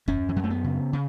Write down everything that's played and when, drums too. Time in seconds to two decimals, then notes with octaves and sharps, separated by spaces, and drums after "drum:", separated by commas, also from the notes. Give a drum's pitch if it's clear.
0.08 F#2 C#4, drum: kick
0.29 E3
0.36 F#2 F#3
0.44 A3
0.50 B3
0.64 C#3
0.93 C#3